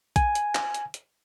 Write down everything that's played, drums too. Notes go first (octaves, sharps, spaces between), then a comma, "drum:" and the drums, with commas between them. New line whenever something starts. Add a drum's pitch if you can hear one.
G#5, drum: kick A#1, hi-hat
drum: hi-hat
drum: clap
drum: hi-hat
drum: hi-hat